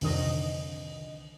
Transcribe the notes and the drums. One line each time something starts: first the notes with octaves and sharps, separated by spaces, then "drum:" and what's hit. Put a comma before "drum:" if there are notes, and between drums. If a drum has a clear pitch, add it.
C2 F2 D3 D#3 D#5, drum: open hi-hat